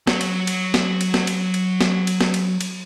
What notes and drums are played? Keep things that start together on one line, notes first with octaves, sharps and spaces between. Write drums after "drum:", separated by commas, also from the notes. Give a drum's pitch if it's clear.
F#3 C#5, drum: snare
drum: cymbal
drum: cymbal
drum: snare
drum: cymbal
drum: snare
drum: cymbal
drum: cymbal
drum: snare
drum: cymbal
drum: snare
drum: cymbal
drum: cymbal